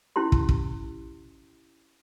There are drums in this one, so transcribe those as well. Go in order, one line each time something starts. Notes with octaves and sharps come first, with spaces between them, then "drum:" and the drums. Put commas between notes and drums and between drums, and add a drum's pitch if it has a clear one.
C#4 E4 G4 C6
drum: kick
drum: kick